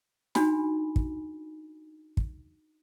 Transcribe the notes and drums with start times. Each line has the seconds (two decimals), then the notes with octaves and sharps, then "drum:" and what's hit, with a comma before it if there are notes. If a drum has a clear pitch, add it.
0.35 D4 D#4 F#4 G#5 B5, drum: snare
0.96 drum: kick
2.17 drum: kick